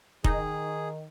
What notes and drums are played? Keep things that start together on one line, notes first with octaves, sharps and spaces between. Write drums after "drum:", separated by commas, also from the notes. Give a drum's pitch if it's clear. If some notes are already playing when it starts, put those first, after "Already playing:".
D#3 D#4 G#4, drum: kick